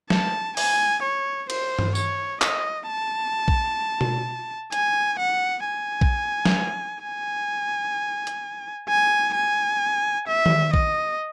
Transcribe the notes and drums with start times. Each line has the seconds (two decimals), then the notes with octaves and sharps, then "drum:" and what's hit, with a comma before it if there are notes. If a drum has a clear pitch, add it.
0.10 A5, drum: snare
0.57 G#5, drum: open hi-hat
1.03 C#5
1.50 C5, drum: cymbal
1.79 drum: tom G2
1.95 C#5, drum: tambourine
2.42 D#5, drum: clap
2.88 A5
3.48 drum: kick A#1
4.01 drum: tom B2
4.72 G#5, drum: hi-hat
5.19 F#5
5.65 G#5
6.01 drum: kick A#1
6.45 drum: snare
7.04 G#5
8.27 drum: hi-hat
8.89 G#5
9.35 G#5
10.28 E5
10.46 drum: tom D#3
10.74 D#5, drum: kick A#1